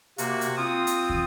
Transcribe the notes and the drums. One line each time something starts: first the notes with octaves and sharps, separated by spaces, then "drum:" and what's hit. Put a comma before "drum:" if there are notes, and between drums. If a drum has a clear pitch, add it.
C3 A#3 F#4, drum: hi-hat
drum: hi-hat
C4 F4 D#6
drum: hi-hat
drum: kick